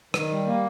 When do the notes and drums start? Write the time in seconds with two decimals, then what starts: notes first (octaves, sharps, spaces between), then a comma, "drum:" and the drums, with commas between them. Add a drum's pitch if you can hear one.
0.14 D#3, drum: rim click
0.30 G3
0.46 A#3